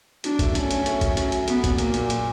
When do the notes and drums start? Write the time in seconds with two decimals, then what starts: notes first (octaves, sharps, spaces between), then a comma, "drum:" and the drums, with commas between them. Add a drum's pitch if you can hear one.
0.24 F#3 D4, drum: hi-hat
0.39 A3, drum: kick, hi-hat
0.55 A3 C#4, drum: hi-hat
0.71 F#3, drum: hi-hat
0.86 A3, drum: hi-hat
1.01 F#3, drum: kick, hi-hat
1.17 F#2, drum: hi-hat
1.32 F#3, drum: hi-hat
1.48 F#3 B3, drum: hi-hat
1.64 A#2, drum: kick, hi-hat
1.78 F#3 A#3, drum: hi-hat
1.94 A#2, drum: hi-hat
2.10 F#3, drum: hi-hat